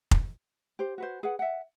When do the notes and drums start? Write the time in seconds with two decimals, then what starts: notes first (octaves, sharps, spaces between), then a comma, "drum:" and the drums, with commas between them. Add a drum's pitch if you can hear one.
0.11 drum: kick F1
0.79 G4 C5
0.98 F#4 B4 C5
1.23 G#4 B4 F#5
1.39 E5 F#5